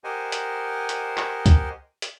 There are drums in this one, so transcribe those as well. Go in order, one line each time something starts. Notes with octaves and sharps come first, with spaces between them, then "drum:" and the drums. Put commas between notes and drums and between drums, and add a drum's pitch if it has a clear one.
G4 A#4 C5 D#5 F#5 G#5
drum: hi-hat
drum: hi-hat
drum: clap
drum: kick C#2, hi-hat
drum: hi-hat